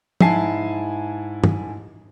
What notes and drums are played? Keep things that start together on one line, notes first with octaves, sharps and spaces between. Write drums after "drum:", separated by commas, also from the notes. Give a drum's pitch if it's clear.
G#2 E4 G#5 A5 C7, drum: tom
drum: tom